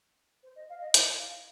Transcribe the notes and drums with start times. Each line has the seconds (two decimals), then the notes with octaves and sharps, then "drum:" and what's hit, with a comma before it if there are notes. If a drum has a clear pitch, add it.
0.43 C5
0.56 D#5
0.69 F5
0.81 D#5
0.94 D#5, drum: hi-hat
1.18 F5